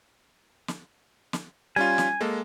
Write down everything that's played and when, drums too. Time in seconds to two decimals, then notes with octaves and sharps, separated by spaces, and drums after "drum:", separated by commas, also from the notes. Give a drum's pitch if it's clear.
0.68 drum: snare
1.33 drum: snare
1.76 G3 C#4 F4 G#5
1.98 drum: snare
2.21 G#3 A#3 A4